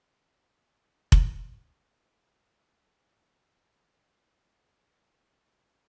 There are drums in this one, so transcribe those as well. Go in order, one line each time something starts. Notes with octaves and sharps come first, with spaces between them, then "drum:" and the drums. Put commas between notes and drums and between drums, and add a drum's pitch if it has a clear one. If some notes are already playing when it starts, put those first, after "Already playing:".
E2 D#3 G3 G#5
drum: kick F1
A#3
C#4
G4
A#4 C5 F5 G#5
A#4
F#4 D#5 B5
A#3 F4 G#4 A#4